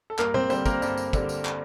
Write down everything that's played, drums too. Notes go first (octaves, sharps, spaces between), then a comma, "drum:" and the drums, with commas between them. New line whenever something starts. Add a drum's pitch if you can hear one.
A4
G2 A#3 A#4, drum: clap
C4 C5, drum: tom
D3 G3 C4 C5, drum: tambourine
A#3 A#4, drum: kick, tambourine
G2, drum: tambourine
drum: tambourine
D3 G3, drum: kick, tambourine
drum: tambourine
drum: clap